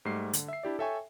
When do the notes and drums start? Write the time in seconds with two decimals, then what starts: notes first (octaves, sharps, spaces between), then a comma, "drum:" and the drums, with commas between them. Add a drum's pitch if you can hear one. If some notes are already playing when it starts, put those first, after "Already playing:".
0.05 G#2 G3 A3 C7
0.33 D3, drum: hi-hat
0.48 E5 C7
0.63 D4 E4 G4 D5
0.79 A4 C#5 E5 G5 G#5 C#6